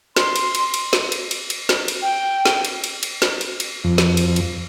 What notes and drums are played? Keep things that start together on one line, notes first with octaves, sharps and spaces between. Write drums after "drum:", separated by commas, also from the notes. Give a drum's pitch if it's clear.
C6, drum: snare
drum: cymbal
drum: cymbal
drum: cymbal
drum: snare
drum: cymbal
drum: cymbal
drum: cymbal
drum: snare
drum: cymbal
G5
drum: snare
drum: cymbal
drum: cymbal
drum: cymbal
drum: snare
drum: cymbal
drum: cymbal
F2
drum: snare
drum: cymbal
drum: cymbal